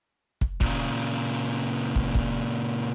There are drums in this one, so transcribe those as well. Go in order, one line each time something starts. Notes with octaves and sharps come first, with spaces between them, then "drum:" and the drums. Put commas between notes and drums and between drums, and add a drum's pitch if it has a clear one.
drum: kick
A#2 C#3, drum: kick
drum: kick
drum: kick